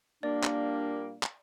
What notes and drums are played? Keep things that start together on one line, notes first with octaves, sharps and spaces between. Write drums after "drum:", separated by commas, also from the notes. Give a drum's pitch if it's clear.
A#2 G3 A#3 D4 D5
drum: clap
drum: clap